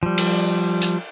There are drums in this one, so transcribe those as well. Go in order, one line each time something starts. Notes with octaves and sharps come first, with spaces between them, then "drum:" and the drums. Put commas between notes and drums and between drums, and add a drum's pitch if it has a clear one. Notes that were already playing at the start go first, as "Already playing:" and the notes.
F3 G3
drum: cymbal
drum: hi-hat